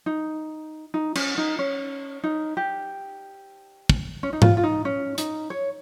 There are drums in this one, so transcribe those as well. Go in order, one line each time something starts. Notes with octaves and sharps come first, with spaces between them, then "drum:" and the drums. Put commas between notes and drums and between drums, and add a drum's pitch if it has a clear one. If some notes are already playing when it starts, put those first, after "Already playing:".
D#4
D#4
C#4, drum: cymbal
D#4
C#4
D#4
G4
drum: kick
C#4
D#4
F4, drum: tom G#2
F4
D#4
C#4
D#4, drum: hi-hat
C#5